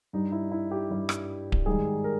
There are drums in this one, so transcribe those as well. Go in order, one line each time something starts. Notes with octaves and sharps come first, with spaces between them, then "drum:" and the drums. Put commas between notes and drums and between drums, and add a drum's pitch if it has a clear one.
G2 G3 D#4
E4
E4
G4
G2 G3
drum: rim click
drum: kick D1
G#2 D#3 G3 G#4
A#4